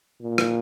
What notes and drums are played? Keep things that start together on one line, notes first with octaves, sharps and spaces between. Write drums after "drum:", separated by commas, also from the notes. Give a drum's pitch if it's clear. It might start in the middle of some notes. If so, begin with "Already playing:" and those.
A#2
drum: rim click